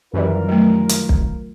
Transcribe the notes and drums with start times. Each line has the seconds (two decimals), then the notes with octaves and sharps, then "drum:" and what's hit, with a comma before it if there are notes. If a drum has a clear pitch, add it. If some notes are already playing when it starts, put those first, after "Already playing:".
0.14 F#2 D#3 E3 G3 F4 A#4
0.49 F#3 A3
0.89 drum: hi-hat
1.09 drum: kick